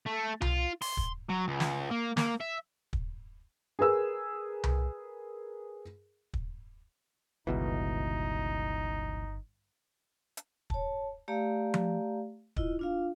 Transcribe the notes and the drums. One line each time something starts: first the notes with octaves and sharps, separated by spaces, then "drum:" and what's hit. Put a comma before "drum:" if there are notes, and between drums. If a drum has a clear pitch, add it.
A3
F4, drum: tom C2
C6, drum: open hi-hat
drum: kick
F#3
C#2
drum: snare
A#3
A#3, drum: snare
E5
drum: kick
G#4 A#4 B4 E6
drum: tom C2
drum: kick
G1 C#2 B2 E3 D#4
drum: hi-hat
C#5 A5, drum: kick
A3 G4 D5 F5 A#5
drum: tom F3
E4 F4 D#5, drum: kick
D4 F4 F5